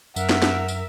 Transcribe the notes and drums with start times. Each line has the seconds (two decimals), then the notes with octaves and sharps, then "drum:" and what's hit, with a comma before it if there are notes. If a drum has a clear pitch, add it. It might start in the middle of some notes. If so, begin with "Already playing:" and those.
0.16 F#2 A#4 E5 F#5, drum: tambourine
0.29 drum: snare
0.42 drum: snare
0.68 drum: tambourine